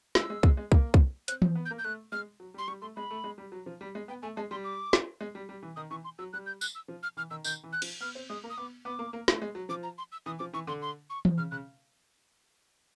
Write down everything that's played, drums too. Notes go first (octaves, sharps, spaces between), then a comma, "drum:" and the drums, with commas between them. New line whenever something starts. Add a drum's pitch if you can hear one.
G#3 E6, drum: snare
G#3
G#3, drum: kick
G#3
A#3, drum: kick
drum: kick
C4 F#6, drum: hi-hat
C4, drum: tom E3
B3
G6
A#3
G6
A3 F#6
G#3 F6
F#3
G3
C6
G3 C#6
A3 C6
G#3 B5
A3
G#3
G3
F#3
F3
G3
G#3
B3 G5
A3 G#5
G#3 A5
G3 C6
D6
drum: snare
G#3
G3
G3
E3
D#3 D#6
E3 C#6
C6
F#3 E6
G3 F#6
G6
F#6, drum: tambourine
E6
F3
F6
E3 F6
D#3 E6
D#3 G6, drum: tambourine
E3
F#6
F3, drum: cymbal
B3 F6
C4
G#3 D#6
A#3
D#6
B3 D6
B3 D6
A#3
A#3
A3, drum: snare
G#3
F#3
F3 D6
A#5
C6
E6
E3 D#6
F3 D6
E3 C#6
D3 C6
C6
C#6
drum: tom E3
C#3 F6
C#3 F#6